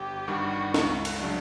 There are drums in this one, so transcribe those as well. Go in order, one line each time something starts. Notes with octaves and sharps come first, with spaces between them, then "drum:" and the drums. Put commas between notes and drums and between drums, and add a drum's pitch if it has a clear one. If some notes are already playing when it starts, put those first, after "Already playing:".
Already playing: G1 G4
G2 D#3 G3 F#4
C#2, drum: snare
drum: cymbal
C#3 F#3 A3 D4